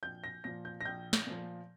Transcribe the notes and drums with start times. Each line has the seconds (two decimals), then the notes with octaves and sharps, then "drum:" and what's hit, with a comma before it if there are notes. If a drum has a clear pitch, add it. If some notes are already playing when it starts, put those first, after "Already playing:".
0.03 A#1 G6
0.24 A#6
0.44 A#2 F3 A#6
0.65 G6
0.81 A#6
0.85 A#1 G6
1.13 drum: snare
1.27 A#2 F3